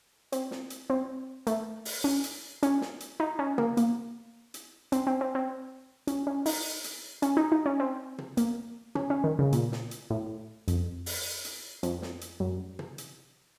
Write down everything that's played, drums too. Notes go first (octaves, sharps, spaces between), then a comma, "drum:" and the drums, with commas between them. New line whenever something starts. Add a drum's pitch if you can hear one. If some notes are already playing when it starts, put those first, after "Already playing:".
C4, drum: hi-hat
drum: snare
drum: hi-hat
C4
A3, drum: hi-hat
drum: open hi-hat
C#4
drum: hi-hat
C#4, drum: hi-hat
drum: snare
drum: hi-hat
D#4
C#4
A#3, drum: tom
A#3, drum: hi-hat
drum: hi-hat
C4, drum: hi-hat
C4
C4
C4
C#4, drum: hi-hat
C#4
D#4, drum: open hi-hat
drum: hi-hat
C#4, drum: hi-hat
D#4
D#4
C#4
C4
drum: tom
A#3, drum: hi-hat
C#4, drum: tom
C#4
D#3
C#3
A#2, drum: hi-hat
drum: snare
drum: hi-hat
A2
F2, drum: hi-hat
drum: open hi-hat
drum: hi-hat
F2, drum: hi-hat
drum: snare
drum: hi-hat
F#2
drum: tom
drum: hi-hat